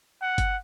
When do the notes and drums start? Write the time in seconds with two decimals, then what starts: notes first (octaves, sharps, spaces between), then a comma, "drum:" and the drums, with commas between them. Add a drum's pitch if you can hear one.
0.22 F#5
0.38 drum: kick G1, hi-hat